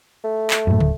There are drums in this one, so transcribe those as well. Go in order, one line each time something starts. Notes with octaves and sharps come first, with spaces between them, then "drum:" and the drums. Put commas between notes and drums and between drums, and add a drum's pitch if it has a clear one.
A3
drum: clap
F#2 A2
D1, drum: tom